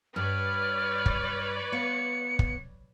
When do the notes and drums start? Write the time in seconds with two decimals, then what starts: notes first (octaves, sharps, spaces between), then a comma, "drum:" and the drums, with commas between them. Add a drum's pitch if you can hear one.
0.16 G2 B4 C#5 D5 F6
1.06 drum: kick
1.72 B3 F5 C#7
2.39 drum: kick